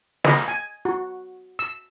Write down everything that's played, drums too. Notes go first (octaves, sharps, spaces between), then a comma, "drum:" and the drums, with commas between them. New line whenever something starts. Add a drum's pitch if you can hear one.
D#5, drum: snare
G#5
F#4
E6